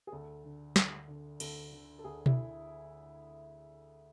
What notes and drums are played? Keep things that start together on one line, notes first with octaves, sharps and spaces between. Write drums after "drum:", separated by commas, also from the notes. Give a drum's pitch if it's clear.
G#4
D2 A4
D3
D2, drum: snare
D3
D2 A4, drum: cymbal
D3
A4
D2 G#4
E4, drum: tom B2